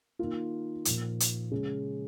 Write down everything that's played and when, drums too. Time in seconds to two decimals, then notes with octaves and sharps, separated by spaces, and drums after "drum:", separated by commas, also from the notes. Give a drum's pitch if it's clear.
0.19 D#3 A#3 F4
0.85 A#2 F3 A#3, drum: hi-hat
1.20 drum: hi-hat
1.51 C#3 G#3 C#4 G#4